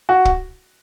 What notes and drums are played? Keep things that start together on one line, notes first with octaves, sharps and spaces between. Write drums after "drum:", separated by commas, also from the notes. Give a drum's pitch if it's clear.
F#4
drum: kick